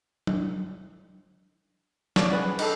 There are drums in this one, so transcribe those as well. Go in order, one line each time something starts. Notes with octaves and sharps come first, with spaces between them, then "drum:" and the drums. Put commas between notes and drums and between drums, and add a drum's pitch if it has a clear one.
drum: tom
C#5 D5, drum: snare
G#4 B4 F#5
D#4 G#4 A4, drum: cymbal